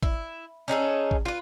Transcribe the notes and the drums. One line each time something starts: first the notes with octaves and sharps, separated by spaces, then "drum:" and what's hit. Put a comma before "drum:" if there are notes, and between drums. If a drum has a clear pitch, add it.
E4, drum: kick A1
C#4 D#4 G#4 A4
drum: kick A1
F4 B4